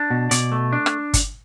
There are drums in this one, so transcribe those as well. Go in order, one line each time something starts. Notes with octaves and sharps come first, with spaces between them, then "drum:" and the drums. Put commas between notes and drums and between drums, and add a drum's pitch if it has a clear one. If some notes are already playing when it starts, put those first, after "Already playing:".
Already playing: D4
B2
B2 D5, drum: hi-hat
A3
D4
drum: rim click
drum: kick, hi-hat